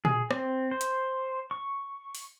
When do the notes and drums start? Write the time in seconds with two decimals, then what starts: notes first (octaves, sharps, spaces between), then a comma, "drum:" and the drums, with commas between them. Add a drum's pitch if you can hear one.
0.05 G#4, drum: tom A#2
0.31 C4, drum: rim click
0.71 C5
0.81 drum: hi-hat
1.51 C#6
2.15 drum: open hi-hat